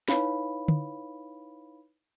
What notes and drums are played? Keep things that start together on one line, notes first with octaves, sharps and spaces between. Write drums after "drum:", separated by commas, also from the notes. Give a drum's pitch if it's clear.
D#4 E4 B4 C#5 F5 B5, drum: snare
drum: tom D3